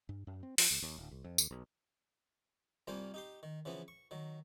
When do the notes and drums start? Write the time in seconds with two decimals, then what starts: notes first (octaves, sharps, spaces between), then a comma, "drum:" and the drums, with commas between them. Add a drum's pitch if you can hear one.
0.09 G2
0.27 F#2
0.43 C4
0.58 F3, drum: open hi-hat
0.71 C#2
0.82 D#2
0.98 D1
1.11 C2
1.24 F2
1.38 D#2, drum: tambourine
1.51 B1
2.87 C2 G3 A#3 F4 C5 G#5
3.14 D#4 G4 C6
3.43 D#3
3.65 C#3 E3 F3 B3
3.88 C#6
4.11 D#3 F#3